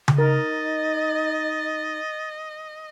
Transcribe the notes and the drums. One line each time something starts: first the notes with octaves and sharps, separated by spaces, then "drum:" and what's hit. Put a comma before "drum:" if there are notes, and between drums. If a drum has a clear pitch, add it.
drum: tom C#3
D#4 A#4 D#5 A6